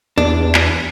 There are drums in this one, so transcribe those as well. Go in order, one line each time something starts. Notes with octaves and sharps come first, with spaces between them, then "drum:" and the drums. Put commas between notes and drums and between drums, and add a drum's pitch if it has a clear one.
E2 D4
drum: clap